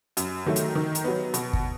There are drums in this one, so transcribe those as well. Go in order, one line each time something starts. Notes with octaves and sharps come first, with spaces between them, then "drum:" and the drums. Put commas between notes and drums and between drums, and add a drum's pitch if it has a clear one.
F#2, drum: hi-hat
D#3 F#3 A3
drum: hi-hat
D#3
drum: hi-hat
F#3 B3
B2, drum: hi-hat
drum: kick